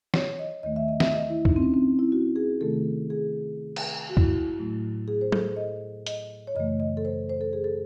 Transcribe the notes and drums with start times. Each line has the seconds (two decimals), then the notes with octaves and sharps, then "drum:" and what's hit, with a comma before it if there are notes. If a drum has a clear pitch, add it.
0.14 C#5, drum: snare
0.39 D#5
0.63 D#2 D#3 A3 D#5
0.76 E5
0.88 D#5
1.00 E5, drum: snare
1.13 D#5
1.30 E4
1.45 D#4, drum: kick C#2
1.56 C4
1.62 C#4
1.74 C4
1.99 E4
2.12 F#4
2.36 G#4
2.61 C3 D#3 A3 A4
3.10 G#4
3.76 drum: cymbal
4.10 F#4
4.17 E4, drum: kick C#2
4.24 F#4
4.59 A2 F#3 A3
5.08 G#4
5.21 C5
5.32 A4, drum: tom F#3
5.56 D#5
6.07 D#5, drum: hi-hat
6.47 C#5
6.55 F#2 C#3 E3 A3 D#5
6.80 D#5
6.97 A4
7.05 C5
7.29 C5
7.41 A4
7.53 G#4
7.64 A4